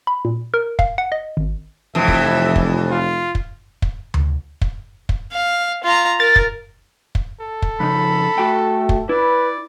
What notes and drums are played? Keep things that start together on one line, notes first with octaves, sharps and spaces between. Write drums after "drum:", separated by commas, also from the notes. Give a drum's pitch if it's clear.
B5
A#2
A#4
F5, drum: kick
F#5
D#5
G#1
F1 F2 E3 E5
drum: kick
drum: kick
F4
drum: kick
drum: kick
drum: tom D2
drum: kick
drum: kick
F5
F4 A#5
A#4 A6
drum: kick
drum: kick
A4
drum: kick
F2 C#3 D#4 B5
A3 F#4 G5
drum: kick
E4 B4 D5